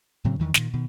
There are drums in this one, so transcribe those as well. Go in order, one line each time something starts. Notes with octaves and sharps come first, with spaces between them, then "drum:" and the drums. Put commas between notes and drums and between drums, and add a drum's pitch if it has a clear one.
A2 C#3 F#3 C4
E2 G2 D#3 E3
A#2 D#3, drum: snare
B2 D#3